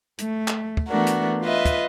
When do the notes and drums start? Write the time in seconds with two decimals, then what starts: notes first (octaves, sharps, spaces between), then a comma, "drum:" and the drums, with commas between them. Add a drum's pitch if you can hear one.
0.18 A3, drum: hi-hat
0.48 drum: clap
0.77 drum: kick
0.89 E3 A3 B3 D4 F#4 A#4
1.07 drum: hi-hat
1.42 F4 B4 D#5 E5
1.65 drum: kick, hi-hat